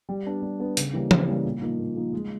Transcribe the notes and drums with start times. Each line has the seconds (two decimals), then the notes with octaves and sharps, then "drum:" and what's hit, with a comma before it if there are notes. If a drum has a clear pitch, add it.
0.09 G3
0.26 B3 D4
0.42 G3
0.60 B3 D4
0.77 C#3, drum: hi-hat
0.93 E3 G3 A#3 C#4
1.11 C#3, drum: tom E3
1.28 E3 G3 A#3 C#4
1.45 A#2
1.62 F3 A#3 D#4
1.79 A#2
1.96 F3 A#3 D#4
2.13 G#3